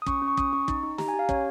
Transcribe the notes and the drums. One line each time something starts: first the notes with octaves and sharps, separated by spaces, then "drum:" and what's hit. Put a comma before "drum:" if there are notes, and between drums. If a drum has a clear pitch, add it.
D#6
C#4 C#6, drum: kick
C#4
C#6
C#4 D#6, drum: kick
C#4 C#6
D#4, drum: kick
D#4
G4 A#5, drum: snare
G#5
G4
F5
C#4 C#5, drum: kick